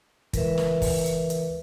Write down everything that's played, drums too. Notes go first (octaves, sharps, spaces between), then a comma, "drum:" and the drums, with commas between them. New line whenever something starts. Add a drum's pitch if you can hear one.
C#2 E3 A#4 B4 E5, drum: kick, hi-hat
drum: snare
drum: kick, open hi-hat
drum: hi-hat
drum: hi-hat